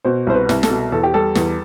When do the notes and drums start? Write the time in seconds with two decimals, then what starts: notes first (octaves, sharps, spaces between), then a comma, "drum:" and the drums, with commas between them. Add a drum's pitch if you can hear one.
0.05 B2 C5
0.27 C2 C5
0.34 B4
0.49 C2, drum: snare
0.63 A4, drum: snare
0.70 B2
0.92 E2 A4
1.03 G4
1.14 G3 A4
1.35 E2, drum: snare